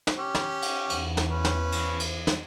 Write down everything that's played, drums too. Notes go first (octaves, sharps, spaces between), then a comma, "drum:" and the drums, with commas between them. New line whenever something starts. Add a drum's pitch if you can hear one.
drum: snare
C#4 G4
drum: snare
drum: cymbal
E2, drum: cymbal
drum: snare
C#4 B4
drum: snare
drum: cymbal
drum: cymbal
drum: snare